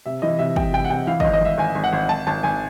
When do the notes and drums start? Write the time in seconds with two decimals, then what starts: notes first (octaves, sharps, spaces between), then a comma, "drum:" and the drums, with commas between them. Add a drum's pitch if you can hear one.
0.06 C3 E5
0.22 E3 D#5
0.39 C3 E5
0.56 C3 G5, drum: kick
0.73 C3 G5
0.85 F#5
0.90 C3 G5
1.07 E3 F5
1.20 G#1 D#5, drum: kick
1.33 D#5
1.41 G#1 E5
1.58 G#1 G#5
1.75 G#1
1.84 F#5
1.93 G#1
2.09 G#1 A5
2.27 G#1 A5
2.43 G#1 G#5